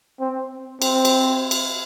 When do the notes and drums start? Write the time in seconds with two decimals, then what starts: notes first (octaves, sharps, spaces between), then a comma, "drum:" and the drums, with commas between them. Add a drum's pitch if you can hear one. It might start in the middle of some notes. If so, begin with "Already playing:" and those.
0.20 C4
0.82 C4, drum: cymbal
1.05 drum: cymbal
1.51 drum: cymbal